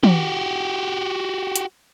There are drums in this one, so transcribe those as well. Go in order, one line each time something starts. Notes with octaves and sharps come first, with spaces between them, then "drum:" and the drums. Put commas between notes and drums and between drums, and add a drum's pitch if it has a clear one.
F#4 G4, drum: tom
drum: hi-hat